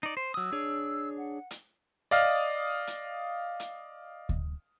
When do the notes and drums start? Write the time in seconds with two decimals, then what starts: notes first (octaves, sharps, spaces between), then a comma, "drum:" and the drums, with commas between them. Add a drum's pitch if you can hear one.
0.03 D#4 D5
0.17 C5
0.34 F#3 D#6 E6
0.52 D4 G#4 C#5
1.18 F#5
1.51 drum: hi-hat
2.11 D5 D#5 F5 D#6 F6
2.87 drum: hi-hat
3.60 drum: hi-hat
4.29 drum: kick D2